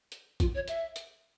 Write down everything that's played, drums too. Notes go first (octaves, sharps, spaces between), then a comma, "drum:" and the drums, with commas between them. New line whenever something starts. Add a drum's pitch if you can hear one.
drum: hi-hat
F4, drum: kick A1, hi-hat
C#5
E5, drum: hi-hat
drum: hi-hat